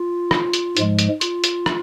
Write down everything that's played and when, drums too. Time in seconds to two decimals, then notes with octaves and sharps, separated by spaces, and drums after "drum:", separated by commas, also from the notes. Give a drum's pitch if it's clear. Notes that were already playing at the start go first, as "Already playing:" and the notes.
Already playing: F4
0.31 drum: rim click
0.53 drum: hi-hat
0.77 G#2 F3 G#3, drum: hi-hat
0.99 drum: hi-hat
1.21 F4, drum: hi-hat
1.44 drum: hi-hat
1.66 drum: rim click